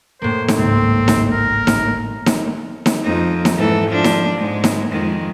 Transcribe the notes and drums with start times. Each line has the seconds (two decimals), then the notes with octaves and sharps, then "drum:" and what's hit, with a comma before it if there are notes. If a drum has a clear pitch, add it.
0.22 A2 A#3 C5
0.48 drum: snare D#4
0.58 G#1 C#2 G#2 C4
1.08 drum: snare D#4
1.32 A#4
1.67 drum: snare D#4
2.26 drum: snare D#4
2.86 drum: snare D#4
3.04 F2 D#4
3.45 drum: snare D#4
3.56 G#2 E3 A4
3.89 F3 D4
4.04 drum: snare D#4
4.37 G#2 G#3
4.64 drum: snare D#4
4.91 F2 D#3 G#3